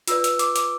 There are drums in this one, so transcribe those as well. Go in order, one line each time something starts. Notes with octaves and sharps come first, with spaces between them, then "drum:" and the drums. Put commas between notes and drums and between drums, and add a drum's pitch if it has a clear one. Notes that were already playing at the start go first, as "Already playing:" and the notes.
F4 B4 D5 E6, drum: hi-hat
E6, drum: hi-hat
D6, drum: hi-hat
D6, drum: hi-hat